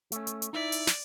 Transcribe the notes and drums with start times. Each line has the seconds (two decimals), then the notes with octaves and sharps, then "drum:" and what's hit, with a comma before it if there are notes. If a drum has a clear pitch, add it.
0.12 A3 C#4, drum: hi-hat
0.27 drum: hi-hat
0.42 drum: hi-hat
0.53 D#4 E4 D5 E5
0.72 drum: open hi-hat
0.87 drum: snare